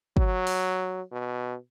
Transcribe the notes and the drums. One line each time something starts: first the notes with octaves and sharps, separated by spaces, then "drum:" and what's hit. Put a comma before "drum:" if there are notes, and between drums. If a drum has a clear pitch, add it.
F#3, drum: kick
drum: open hi-hat
B2